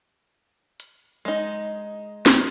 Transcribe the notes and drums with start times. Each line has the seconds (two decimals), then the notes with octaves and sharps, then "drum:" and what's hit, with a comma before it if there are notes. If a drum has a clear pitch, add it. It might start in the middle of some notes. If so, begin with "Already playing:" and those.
0.80 drum: hi-hat
1.25 G#3 D#4
2.26 drum: snare